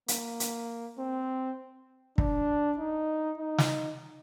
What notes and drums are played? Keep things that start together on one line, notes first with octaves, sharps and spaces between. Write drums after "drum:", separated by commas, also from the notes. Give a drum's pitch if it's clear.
A#3, drum: hi-hat
drum: hi-hat
C4
D4, drum: kick
D#4
D#4
drum: snare